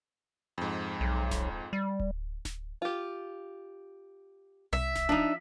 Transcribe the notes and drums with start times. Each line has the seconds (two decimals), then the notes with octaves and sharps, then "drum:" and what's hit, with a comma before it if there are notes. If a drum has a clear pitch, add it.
0.58 F2 G#2
1.01 B1
1.31 drum: snare D1
1.73 G3
2.00 drum: kick D1
2.45 drum: snare D1
2.82 F4 G4
4.73 C2 E5
4.95 drum: snare D1
5.09 F3 D4 D#4